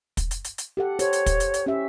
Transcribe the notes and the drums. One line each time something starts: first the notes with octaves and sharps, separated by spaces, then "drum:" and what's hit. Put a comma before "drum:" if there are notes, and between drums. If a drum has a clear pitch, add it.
drum: kick, hi-hat
drum: hi-hat
drum: hi-hat
drum: hi-hat
G4 A4 F#5
G4 A4 C5 C#5, drum: hi-hat
drum: hi-hat
drum: kick, hi-hat
drum: hi-hat
drum: hi-hat
C#4 G4 E5